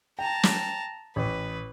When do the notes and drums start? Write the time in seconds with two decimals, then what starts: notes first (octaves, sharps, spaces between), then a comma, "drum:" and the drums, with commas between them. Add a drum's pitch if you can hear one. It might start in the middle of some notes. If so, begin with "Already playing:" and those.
0.19 G5 A5 A#5
0.43 drum: snare
1.16 A1 B4